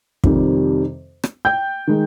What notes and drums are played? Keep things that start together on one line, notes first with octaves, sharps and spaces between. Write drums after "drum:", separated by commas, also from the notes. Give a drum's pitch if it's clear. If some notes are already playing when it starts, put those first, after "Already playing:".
F2 C3 D#3 G3, drum: kick
drum: rim click
G5 G6
D#3 G#3